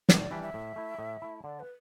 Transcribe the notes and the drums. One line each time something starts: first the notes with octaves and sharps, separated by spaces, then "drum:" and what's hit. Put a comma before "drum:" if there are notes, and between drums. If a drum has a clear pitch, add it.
A2 B4, drum: snare
D5
E3 G3 D4 E5
E5
A2
A3 E4
A2
A3 E4
D3 D5
B4